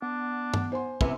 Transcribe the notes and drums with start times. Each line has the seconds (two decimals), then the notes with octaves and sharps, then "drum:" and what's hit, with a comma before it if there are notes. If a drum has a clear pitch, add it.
0.02 B3 D4
0.54 drum: tom
0.72 C5 G#5 C6
1.01 C3 B3 C#4 E4, drum: kick